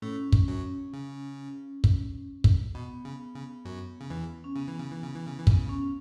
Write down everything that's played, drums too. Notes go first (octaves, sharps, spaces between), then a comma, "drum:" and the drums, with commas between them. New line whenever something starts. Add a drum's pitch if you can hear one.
A2 A3 C#4
drum: kick
F#2 F#3
C#3
drum: kick
drum: kick
B2 B3
C#3
C#3
F#2 F#3
C#3
E2 E3
C#4
C#3 B3
E3
C#3
E3
C#3
E3
C#3
E3
C#3 B3, drum: kick
C#4